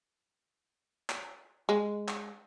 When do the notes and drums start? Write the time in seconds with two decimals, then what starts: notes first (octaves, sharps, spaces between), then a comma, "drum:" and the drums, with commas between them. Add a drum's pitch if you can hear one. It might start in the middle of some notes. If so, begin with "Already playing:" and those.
1.10 drum: clap
1.69 G#3
2.08 drum: clap